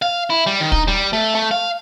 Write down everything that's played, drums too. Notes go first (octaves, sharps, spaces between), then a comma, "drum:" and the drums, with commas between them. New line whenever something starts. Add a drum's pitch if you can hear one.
F5
E4
G3
D#3
D#4, drum: kick
G3
A3
A3
F5